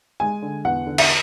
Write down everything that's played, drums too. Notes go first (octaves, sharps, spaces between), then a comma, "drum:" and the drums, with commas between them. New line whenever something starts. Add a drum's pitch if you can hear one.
G#3 G#5
D3
E2 F#5
D3
E5, drum: cymbal